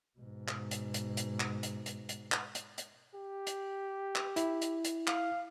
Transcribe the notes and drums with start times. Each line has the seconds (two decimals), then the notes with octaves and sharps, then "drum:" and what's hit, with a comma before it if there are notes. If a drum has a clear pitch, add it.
0.19 G#2 B2
0.48 drum: clap
0.71 drum: hi-hat
0.94 drum: hi-hat
1.17 drum: hi-hat
1.40 drum: clap
1.63 drum: hi-hat
1.86 drum: hi-hat
2.09 drum: hi-hat
2.32 drum: clap
2.55 drum: hi-hat
2.78 drum: hi-hat
3.15 G4
3.47 drum: hi-hat
4.15 drum: clap
4.36 E4, drum: hi-hat
4.61 drum: hi-hat
4.84 drum: hi-hat
5.07 F5, drum: clap